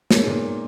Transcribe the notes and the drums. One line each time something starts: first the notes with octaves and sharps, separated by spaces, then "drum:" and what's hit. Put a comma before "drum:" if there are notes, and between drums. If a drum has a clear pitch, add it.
G#2 G#3 B3 D#4 A#4 C#5, drum: snare
G#2
A#2